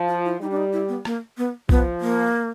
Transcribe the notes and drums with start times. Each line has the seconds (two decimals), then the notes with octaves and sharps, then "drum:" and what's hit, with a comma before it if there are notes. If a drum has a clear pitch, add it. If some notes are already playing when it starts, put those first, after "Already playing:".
Already playing: F3
0.08 F4
0.25 E4
0.40 G3 D#4
0.51 D4
0.57 D#4
0.73 E4
0.89 B3
1.05 A#3, drum: rim click
1.38 B3
1.69 F3 B3, drum: kick B1
2.01 A#3